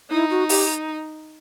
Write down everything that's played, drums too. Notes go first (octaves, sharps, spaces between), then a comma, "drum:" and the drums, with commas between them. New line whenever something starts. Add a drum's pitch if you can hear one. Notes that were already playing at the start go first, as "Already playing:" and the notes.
D#4 E4
F#4
G4, drum: open hi-hat